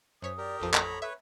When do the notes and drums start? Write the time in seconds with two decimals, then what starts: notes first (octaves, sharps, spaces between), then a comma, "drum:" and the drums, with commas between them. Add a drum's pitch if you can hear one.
0.22 F#2 C5 C#5 D#6 B6
0.38 G4 A#4 D5
0.60 A1 F2 F3 A4
0.74 C#5 A#5 B5, drum: clap
1.02 B4 C#5 E5